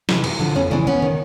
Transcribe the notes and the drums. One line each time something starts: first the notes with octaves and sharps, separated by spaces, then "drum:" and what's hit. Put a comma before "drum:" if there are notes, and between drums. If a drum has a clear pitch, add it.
C3 E3, drum: snare
F#2, drum: cymbal
D3 F3
F2 B3 C#4
C#3 E3 C4 D4
D#2 B3 C#4
D#3